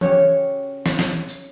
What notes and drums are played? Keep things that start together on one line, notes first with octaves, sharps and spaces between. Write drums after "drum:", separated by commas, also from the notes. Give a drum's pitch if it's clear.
C#3 F#4 G4 C#5, drum: tom E3
drum: snare
drum: snare
drum: tambourine